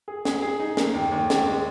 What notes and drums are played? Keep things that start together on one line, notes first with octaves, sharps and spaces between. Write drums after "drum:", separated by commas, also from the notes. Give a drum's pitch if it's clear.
G#4
G#4, drum: snare
G#4
D#4
A#3, drum: snare
D#2
D#2
D#2, drum: snare
G#3